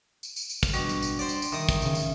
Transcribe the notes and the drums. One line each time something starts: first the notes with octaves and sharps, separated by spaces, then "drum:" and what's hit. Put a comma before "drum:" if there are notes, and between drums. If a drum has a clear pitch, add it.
drum: tambourine
drum: tambourine
drum: tambourine
drum: kick, tambourine
B2 G3 D4, drum: tambourine
drum: tambourine
drum: tambourine
C5 D5
drum: tambourine
drum: tambourine
D#3 E5 D#6
drum: kick, tambourine
C#3, drum: tambourine
drum: tambourine